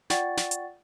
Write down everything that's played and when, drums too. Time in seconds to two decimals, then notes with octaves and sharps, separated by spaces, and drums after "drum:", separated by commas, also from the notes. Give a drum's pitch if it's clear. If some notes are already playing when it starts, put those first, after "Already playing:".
0.10 F4 D5 F#5 G5 C#6 A6, drum: snare
0.37 drum: snare
0.51 drum: hi-hat